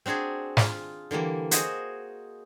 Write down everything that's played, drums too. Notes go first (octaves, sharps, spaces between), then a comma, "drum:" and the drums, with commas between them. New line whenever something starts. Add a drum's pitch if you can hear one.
C4 D4 F#4 G#4 G#5
F4, drum: snare
D3 E3 G3 A#3
F#4 G#4 C5 D#5 G#5, drum: hi-hat